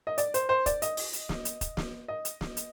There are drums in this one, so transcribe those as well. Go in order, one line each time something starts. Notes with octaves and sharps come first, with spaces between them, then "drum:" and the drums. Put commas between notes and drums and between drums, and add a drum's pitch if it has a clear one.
D#5
D5, drum: hi-hat
C5, drum: hi-hat
C5
D5, drum: kick, hi-hat
D#5, drum: hi-hat
drum: open hi-hat
drum: hi-hat
drum: snare
drum: hi-hat
drum: kick, hi-hat
drum: snare
D#5
drum: hi-hat
drum: snare
drum: hi-hat